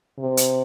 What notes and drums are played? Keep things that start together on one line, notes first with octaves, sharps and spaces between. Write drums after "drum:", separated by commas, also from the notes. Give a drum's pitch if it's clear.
C3
drum: hi-hat